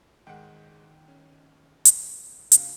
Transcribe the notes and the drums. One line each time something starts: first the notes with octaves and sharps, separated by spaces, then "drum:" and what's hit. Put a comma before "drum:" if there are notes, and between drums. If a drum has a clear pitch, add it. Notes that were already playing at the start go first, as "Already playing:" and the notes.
G#2 D#3 G#3 F#5 G5
C#4
drum: hi-hat
C#3 F4, drum: hi-hat